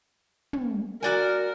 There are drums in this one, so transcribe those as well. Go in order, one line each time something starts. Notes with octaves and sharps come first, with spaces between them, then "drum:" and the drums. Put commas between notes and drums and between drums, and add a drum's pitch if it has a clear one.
drum: tom
F#4 A#4 D5 G#5